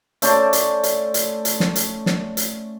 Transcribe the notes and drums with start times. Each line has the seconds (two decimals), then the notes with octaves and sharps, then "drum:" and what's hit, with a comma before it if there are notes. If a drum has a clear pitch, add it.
0.22 A3 C#4 C5 D5, drum: hi-hat
0.53 drum: hi-hat
0.83 drum: hi-hat
1.14 drum: hi-hat
1.45 drum: hi-hat
1.60 drum: snare
1.76 drum: hi-hat
2.06 drum: snare
2.37 drum: hi-hat